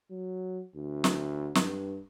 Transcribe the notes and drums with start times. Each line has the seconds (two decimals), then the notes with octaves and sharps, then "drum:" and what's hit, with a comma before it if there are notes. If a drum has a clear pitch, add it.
0.10 F#3
0.75 D2
1.04 drum: snare
1.55 G2, drum: snare